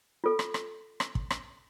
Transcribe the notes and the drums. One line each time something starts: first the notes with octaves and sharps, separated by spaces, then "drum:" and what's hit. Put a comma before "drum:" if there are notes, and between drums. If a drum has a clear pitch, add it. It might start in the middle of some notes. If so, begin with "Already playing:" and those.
F4 A4
drum: rim click
drum: rim click
drum: rim click
drum: kick
drum: rim click